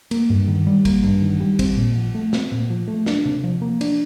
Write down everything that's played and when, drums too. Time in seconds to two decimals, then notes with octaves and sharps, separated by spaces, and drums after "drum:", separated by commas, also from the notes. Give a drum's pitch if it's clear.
0.11 A#3, drum: cymbal
0.30 G2
0.48 D#3
0.67 G3
0.85 A#3, drum: kick, cymbal
1.03 G2
1.22 D#3
1.40 G3
1.59 C4, drum: kick, cymbal
1.77 A#2
1.96 F3
2.15 A3
2.33 C4, drum: snare
2.52 A#2
2.70 F3
2.88 A3
3.06 D4, drum: snare
3.25 C3
3.44 F3
3.62 A#3
3.81 D4, drum: cymbal